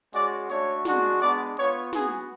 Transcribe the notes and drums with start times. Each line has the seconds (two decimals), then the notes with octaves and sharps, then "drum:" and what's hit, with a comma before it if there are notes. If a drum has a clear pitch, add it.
0.13 G#3 C#4 F#4 D5, drum: hi-hat
0.49 A3 D4 F#4 C#5, drum: hi-hat
0.85 G#3 D4 F#4, drum: snare
1.21 G#3 B3 D4 D5, drum: hi-hat
1.57 B3 F4 C#5, drum: open hi-hat
1.93 B3 F#4 G#4, drum: snare